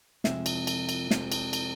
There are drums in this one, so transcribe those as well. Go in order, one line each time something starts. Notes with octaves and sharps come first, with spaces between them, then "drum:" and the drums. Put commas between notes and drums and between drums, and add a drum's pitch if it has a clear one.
F2 C3 F3 G#3 E5, drum: snare
drum: cymbal
drum: cymbal
drum: cymbal
F2 C3 F3 G#3, drum: snare
drum: cymbal
drum: cymbal